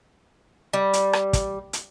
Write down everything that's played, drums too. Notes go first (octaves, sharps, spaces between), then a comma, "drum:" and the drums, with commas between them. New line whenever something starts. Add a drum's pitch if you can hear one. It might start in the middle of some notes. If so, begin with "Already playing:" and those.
G3
drum: hi-hat
drum: rim click
drum: kick, hi-hat
drum: hi-hat